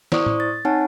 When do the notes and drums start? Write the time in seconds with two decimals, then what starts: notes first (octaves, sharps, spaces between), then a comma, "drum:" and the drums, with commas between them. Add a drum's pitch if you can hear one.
0.12 E4 C5 D5 C#6 D#6, drum: snare
0.26 drum: tom A2
0.40 A6
0.65 C4 D#4 C#5 F#5 G#5 A5